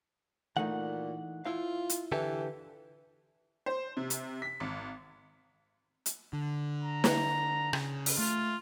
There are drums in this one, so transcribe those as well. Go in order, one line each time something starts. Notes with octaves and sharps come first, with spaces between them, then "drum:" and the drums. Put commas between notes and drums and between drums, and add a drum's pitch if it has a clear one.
A#2 E3 A3 D#4 F#5
E4 F4 C5 F5
drum: hi-hat
D3 E3 G4 A4
C5
C3
drum: hi-hat
B6
G#1
drum: hi-hat
D3
A#5
drum: snare
C#3, drum: rim click
drum: open hi-hat
A3 F4